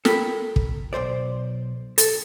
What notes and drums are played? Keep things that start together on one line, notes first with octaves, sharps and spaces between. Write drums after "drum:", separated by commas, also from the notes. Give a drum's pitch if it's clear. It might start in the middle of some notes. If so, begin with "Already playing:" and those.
A4 A#4 G5 B5, drum: snare
drum: kick
B1 G#2 C5 D5
A4, drum: hi-hat